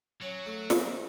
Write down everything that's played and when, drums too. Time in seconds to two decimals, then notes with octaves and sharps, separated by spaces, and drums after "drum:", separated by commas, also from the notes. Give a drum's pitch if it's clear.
0.21 F#3 C#4
0.46 A3
0.70 drum: snare